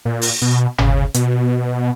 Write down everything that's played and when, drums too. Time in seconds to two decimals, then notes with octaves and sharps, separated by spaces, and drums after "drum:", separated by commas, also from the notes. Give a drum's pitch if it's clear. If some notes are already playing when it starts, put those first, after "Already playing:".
0.05 A#2
0.22 drum: open hi-hat
0.42 B2
0.78 C#3, drum: tom G1
1.14 B2, drum: hi-hat